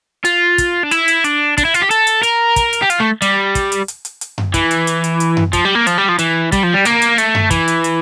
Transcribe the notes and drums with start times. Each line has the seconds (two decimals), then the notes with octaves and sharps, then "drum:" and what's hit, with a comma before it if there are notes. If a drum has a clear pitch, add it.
0.25 F4, drum: hi-hat
0.58 drum: kick, hi-hat
0.83 D4
0.91 E4, drum: hi-hat
1.08 drum: hi-hat
1.24 D4, drum: hi-hat
1.58 D4, drum: kick, hi-hat
1.65 E4
1.74 F4, drum: hi-hat
1.82 G4
1.91 A4, drum: hi-hat
2.07 drum: hi-hat
2.23 A#4, drum: hi-hat
2.56 drum: kick, hi-hat
2.73 drum: hi-hat
2.82 G4
2.90 F4, drum: hi-hat
3.00 A3
3.22 G3, drum: hi-hat
3.55 drum: kick, hi-hat
3.72 drum: hi-hat
3.88 drum: hi-hat
4.05 drum: hi-hat
4.21 drum: hi-hat
4.38 drum: tom F#2
4.54 E3, drum: kick, hi-hat
4.71 drum: hi-hat
4.87 drum: hi-hat
5.04 drum: hi-hat
5.20 drum: hi-hat
5.37 drum: tom F#2
5.53 F3, drum: kick, hi-hat
5.65 G3
5.75 A#3
5.87 F3, drum: hi-hat
5.98 G3
6.09 F3
6.19 E3, drum: hi-hat
6.52 G3, drum: kick, hi-hat
6.63 F3
6.74 G3
6.85 A#3, drum: hi-hat
7.02 drum: hi-hat
7.18 A3, drum: hi-hat
7.35 drum: tom F#2
7.51 E3, drum: kick, hi-hat
7.68 drum: hi-hat
7.84 drum: hi-hat